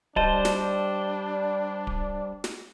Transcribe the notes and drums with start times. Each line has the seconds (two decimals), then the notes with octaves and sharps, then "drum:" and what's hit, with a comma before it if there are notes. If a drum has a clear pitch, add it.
0.16 G3 D4 C5 D#5 A5, drum: kick D1
0.45 drum: snare
1.87 drum: kick D1
2.44 drum: snare